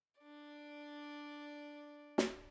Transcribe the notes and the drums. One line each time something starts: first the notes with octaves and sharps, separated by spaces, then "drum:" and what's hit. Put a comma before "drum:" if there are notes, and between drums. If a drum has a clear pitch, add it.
D4 D5
drum: snare